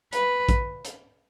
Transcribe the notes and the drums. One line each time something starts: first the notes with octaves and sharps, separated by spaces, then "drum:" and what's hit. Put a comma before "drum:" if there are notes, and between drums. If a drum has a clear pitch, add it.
B4, drum: hi-hat
drum: kick A#1, hi-hat
drum: hi-hat